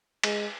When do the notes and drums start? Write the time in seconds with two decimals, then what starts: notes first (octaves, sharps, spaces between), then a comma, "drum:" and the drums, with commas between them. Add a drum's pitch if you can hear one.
0.23 G#3, drum: cymbal